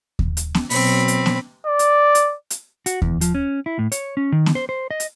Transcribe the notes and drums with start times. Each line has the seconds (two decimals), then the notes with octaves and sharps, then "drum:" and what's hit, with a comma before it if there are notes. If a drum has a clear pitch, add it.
0.19 drum: kick D#2
0.37 drum: hi-hat
0.55 drum: snare B3
0.70 B2 F#3 C4 B5, drum: open hi-hat
1.08 drum: hi-hat
1.26 drum: snare B3
1.67 D5
1.79 drum: hi-hat
2.15 drum: hi-hat
2.50 drum: hi-hat
2.86 F#4, drum: hi-hat
3.02 E2, drum: kick D#2
3.21 F3, drum: hi-hat
3.35 C#4
3.66 E4
3.79 A2
3.92 C#5, drum: hi-hat
4.17 C#4
4.32 D#3
4.46 drum: snare B3
4.55 C5
4.69 C5
4.91 D#5
5.00 drum: hi-hat